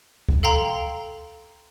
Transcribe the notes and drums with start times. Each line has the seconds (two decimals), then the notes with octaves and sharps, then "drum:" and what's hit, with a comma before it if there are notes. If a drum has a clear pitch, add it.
0.29 drum: kick C#2
0.43 A4 F5 G5 A#5 C6